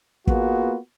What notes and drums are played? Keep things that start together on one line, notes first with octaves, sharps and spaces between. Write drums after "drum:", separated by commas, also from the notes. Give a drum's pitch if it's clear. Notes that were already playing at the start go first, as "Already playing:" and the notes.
A#3 B3 F4 F#4 G#4 B4, drum: kick